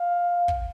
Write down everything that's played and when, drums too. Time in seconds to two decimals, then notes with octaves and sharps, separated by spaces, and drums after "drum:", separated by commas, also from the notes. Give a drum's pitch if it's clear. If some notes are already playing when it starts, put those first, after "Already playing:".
Already playing: F5
0.48 drum: kick